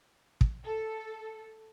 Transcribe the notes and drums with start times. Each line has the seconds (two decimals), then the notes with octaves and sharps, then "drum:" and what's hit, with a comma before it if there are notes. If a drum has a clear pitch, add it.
0.41 drum: kick
0.64 A4